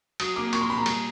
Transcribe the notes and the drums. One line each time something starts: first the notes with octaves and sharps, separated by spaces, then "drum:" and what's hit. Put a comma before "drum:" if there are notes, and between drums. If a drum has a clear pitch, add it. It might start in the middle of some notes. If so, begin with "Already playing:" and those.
F#3 D#6, drum: cymbal
A#3 D6
A#2 C#6, drum: cymbal
C6
A#2 B5
A#5
G3, drum: cymbal